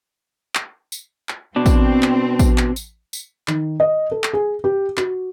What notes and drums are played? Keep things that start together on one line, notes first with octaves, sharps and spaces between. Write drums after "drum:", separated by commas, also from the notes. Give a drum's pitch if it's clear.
drum: clap
drum: tambourine
drum: clap
B2 C4 D4
drum: kick, tambourine
drum: clap
drum: kick, tambourine
drum: clap
drum: tambourine
drum: tambourine
D#3, drum: clap
D#5
A4
drum: clap
G#4
G4
F#4, drum: clap